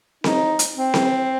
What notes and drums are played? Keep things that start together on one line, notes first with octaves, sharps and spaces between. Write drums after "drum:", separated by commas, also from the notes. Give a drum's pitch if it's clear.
D#4, drum: snare C4
drum: hi-hat
C4
drum: snare C4